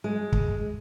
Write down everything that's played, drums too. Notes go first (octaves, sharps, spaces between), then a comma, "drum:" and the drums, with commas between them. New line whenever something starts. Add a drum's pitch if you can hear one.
G#3
drum: kick